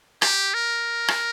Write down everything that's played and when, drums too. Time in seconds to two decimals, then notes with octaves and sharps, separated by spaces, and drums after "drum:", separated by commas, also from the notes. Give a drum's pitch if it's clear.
0.22 G4, drum: rim click
0.54 A#4
1.08 drum: rim click